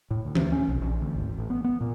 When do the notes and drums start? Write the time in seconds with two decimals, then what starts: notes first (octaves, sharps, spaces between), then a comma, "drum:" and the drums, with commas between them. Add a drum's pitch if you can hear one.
0.11 A2
0.25 D2
0.35 drum: tom E3
0.52 C#4
0.68 B1
0.81 A#1
1.01 D2
1.14 G#1
1.38 A1
1.50 B3
1.64 B3
1.81 A#2